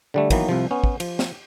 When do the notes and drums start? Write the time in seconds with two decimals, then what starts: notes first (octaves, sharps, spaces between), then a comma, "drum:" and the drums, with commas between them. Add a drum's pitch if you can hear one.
0.14 D3 G3 A3
0.30 D#3 E3 F#3 A#3 B3, drum: kick, cymbal
0.49 C2 C3 F3
0.71 B3 C#4
0.84 drum: kick
1.00 F3, drum: cymbal
1.19 drum: snare